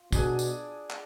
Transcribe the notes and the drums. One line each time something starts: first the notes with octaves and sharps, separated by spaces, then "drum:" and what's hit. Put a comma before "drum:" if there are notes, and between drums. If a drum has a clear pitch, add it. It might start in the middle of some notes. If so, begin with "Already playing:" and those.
Already playing: F4
B2 D4 G#4 D5, drum: kick, tambourine
drum: tambourine
drum: clap